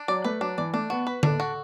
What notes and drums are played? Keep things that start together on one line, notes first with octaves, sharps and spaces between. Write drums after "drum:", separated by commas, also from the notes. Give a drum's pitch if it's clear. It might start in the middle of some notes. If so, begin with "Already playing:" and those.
Already playing: D4
F#3 D5
A3 B4
F#3 D4
E3 D5
A3 D4
B3 F#4
B4
D4 A4, drum: tom D3
F#4